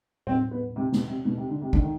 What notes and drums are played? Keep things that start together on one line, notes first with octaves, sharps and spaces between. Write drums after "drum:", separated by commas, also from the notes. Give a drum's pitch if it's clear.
C4, drum: tom A2
B3
C3
B2, drum: snare
C3
B2
C3
D3
C3
D3, drum: kick
D#3